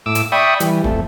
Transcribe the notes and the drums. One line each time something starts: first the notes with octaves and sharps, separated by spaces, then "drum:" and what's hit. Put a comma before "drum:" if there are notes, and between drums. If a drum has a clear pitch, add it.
A2 D6 E6
drum: hi-hat
D5 E5 G5 B5 C#6 D#6
E3 G3, drum: hi-hat
F2 A3, drum: kick D1